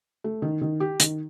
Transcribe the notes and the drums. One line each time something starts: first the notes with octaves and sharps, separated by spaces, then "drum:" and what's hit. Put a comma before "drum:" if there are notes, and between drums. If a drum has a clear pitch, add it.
A3
D#3
D#3
G4
D#3, drum: hi-hat